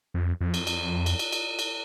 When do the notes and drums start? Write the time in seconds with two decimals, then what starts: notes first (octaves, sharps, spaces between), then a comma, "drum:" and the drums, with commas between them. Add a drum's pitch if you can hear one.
0.14 F2
0.41 F2
0.54 drum: cymbal
0.67 drum: cymbal
1.06 drum: cymbal
1.19 drum: cymbal
1.32 drum: cymbal
1.59 drum: cymbal